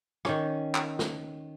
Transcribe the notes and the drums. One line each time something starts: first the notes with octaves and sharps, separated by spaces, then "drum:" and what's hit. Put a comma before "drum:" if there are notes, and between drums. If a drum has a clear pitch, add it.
D#3 C#4, drum: rim click
drum: clap
drum: snare